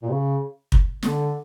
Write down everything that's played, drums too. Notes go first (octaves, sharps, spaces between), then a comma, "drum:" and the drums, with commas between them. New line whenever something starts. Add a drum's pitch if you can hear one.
A#2
C#3
drum: kick
D3, drum: snare